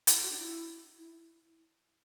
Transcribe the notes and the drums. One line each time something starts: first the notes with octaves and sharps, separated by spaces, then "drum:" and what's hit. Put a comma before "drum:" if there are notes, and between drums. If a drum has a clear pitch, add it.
E4, drum: hi-hat
F#4
D4
E4
E4